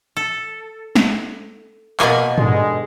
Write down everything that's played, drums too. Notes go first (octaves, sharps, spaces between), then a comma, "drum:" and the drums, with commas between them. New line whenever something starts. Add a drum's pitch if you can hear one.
A4
drum: snare
B2 A#3 G#5, drum: clap
D3 G3 G#3, drum: tom